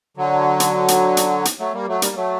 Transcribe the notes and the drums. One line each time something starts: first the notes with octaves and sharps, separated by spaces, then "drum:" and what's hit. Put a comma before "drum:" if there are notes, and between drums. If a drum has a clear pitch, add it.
D3 F#3
drum: hi-hat
drum: hi-hat
drum: hi-hat
drum: hi-hat
F#3 A3
G3 A#3
F#3 A3
G3 A#3, drum: hi-hat
F#3 A3